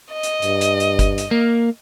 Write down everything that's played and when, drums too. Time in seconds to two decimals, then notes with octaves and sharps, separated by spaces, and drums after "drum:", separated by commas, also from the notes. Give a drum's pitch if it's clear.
0.13 D#5
0.23 drum: hi-hat
0.42 G2, drum: hi-hat
0.61 drum: hi-hat
0.80 drum: hi-hat
0.99 drum: kick G1, hi-hat
1.18 drum: hi-hat
1.31 A#3